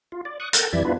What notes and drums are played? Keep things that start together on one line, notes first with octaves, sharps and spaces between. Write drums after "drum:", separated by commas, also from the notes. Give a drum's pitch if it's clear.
F4
D5
C#6 D#6 F#6
A4 A#4 F#5 G5 A5 A#5, drum: hi-hat
F2 E3 G3 D5 E5 G#6
B3 D4 E4 F4 B4